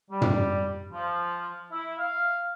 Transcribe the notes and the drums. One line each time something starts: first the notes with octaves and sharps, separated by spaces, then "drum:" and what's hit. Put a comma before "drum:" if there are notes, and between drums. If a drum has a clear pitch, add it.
G3
drum: tom
F3
E4
F5